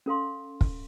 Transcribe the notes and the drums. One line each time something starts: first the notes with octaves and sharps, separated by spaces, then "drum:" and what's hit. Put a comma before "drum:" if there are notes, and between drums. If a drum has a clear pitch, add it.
C#4 A4 F5 C6
drum: kick